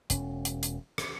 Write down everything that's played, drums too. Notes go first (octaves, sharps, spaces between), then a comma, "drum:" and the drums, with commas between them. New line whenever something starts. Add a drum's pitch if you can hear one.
E1 C#4, drum: hi-hat
drum: hi-hat
drum: hi-hat
drum: rim click